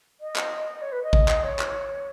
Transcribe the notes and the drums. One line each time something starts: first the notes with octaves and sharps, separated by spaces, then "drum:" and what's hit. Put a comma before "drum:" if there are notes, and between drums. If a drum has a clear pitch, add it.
D#5
drum: clap
C#5
B4
D#5
drum: kick A1
drum: clap
C#5
drum: clap